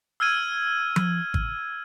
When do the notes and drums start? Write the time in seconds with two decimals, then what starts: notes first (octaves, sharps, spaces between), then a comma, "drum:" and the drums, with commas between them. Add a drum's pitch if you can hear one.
0.20 E6 F6 G#6 D#7
0.96 drum: tom F3
1.34 drum: kick G#1